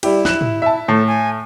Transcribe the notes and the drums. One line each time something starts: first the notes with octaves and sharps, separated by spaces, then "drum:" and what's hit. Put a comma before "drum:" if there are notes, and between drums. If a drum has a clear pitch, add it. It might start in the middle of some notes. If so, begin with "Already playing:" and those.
G3 E4 G4, drum: cymbal
F#6 E7, drum: snare
drum: tom
E5 A5
A2 A4
G#5